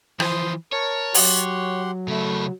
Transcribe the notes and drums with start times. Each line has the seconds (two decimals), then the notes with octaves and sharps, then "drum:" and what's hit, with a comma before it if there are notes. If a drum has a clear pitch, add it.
0.20 E3 F3 C5 C6 D#6, drum: rim click
0.72 A#4 C#5 A5
1.14 F#3 G4 F#5 C6, drum: open hi-hat
2.08 C#3 A3 E4